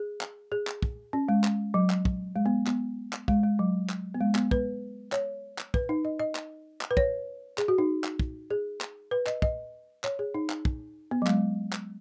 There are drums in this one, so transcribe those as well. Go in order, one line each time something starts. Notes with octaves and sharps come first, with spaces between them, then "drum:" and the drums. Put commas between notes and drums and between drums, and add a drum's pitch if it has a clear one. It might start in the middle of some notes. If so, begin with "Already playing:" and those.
Already playing: G#4
drum: clap
G#4
drum: clap
drum: kick
C#4
G#3
drum: clap
F#3
drum: clap
drum: kick
G#3
B3
B3, drum: clap
drum: clap
G#3, drum: kick
G#3
F#3
drum: clap
B3
G#3
B3, drum: clap
B4, drum: kick
C#5, drum: clap
drum: clap
B4, drum: kick
D#4
D#5
D#5
drum: clap
drum: clap
B4
C#5, drum: kick
G#4, drum: clap
F#4
D#4
drum: clap
drum: kick
G#4
drum: clap
B4
D#5, drum: clap
D#5, drum: kick
C#5, drum: clap
G#4
D#4
drum: clap
drum: kick
B3
F#3
G#3, drum: clap
drum: clap